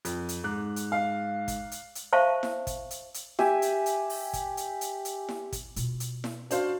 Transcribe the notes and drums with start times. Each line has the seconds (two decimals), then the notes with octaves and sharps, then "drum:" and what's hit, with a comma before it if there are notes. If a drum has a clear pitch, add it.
0.05 F2, drum: hi-hat
0.29 drum: hi-hat
0.44 G#2 D6 F#6
0.76 drum: hi-hat
0.92 F5
1.48 drum: kick, hi-hat
1.71 drum: hi-hat
1.95 drum: hi-hat
2.13 C5 E5 F5 A5 C#6
2.43 drum: snare E4
2.67 drum: kick, hi-hat
2.91 drum: hi-hat
3.14 drum: hi-hat
3.39 G4 E5 G#5, drum: snare E4
3.62 drum: hi-hat
3.86 drum: hi-hat
4.10 drum: open hi-hat
4.33 drum: kick, hi-hat
4.57 drum: hi-hat
4.81 drum: hi-hat
5.05 drum: hi-hat
5.29 drum: snare E4
5.52 drum: kick, hi-hat
5.76 B2 F4, drum: hi-hat
6.00 drum: hi-hat
6.24 drum: snare E4
6.51 D4 F#4 C5 F5, drum: hi-hat